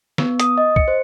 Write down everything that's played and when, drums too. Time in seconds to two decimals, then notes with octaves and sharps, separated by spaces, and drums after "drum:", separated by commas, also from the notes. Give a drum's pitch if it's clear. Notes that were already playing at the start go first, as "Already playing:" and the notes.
0.18 B3, drum: snare
0.40 D#6, drum: hi-hat
0.58 D#5
0.76 C#7, drum: kick
0.88 C5